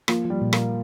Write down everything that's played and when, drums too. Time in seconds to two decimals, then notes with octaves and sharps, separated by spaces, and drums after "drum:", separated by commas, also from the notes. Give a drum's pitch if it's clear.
0.08 F3 A#3, drum: rim click
0.25 F3 G3
0.42 A#2
0.53 A#3, drum: rim click